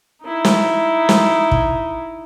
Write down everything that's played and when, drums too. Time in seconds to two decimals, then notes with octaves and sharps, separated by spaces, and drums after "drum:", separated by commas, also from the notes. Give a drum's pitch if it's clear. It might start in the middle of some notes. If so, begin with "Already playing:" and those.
0.23 D#4 E4
0.45 drum: snare
1.09 drum: snare
1.51 drum: kick